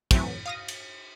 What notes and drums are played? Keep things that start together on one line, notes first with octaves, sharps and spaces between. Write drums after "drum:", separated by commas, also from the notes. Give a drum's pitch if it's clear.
E3 F#3 A3 C4, drum: kick, cymbal
F5 D#6 A#6
drum: cymbal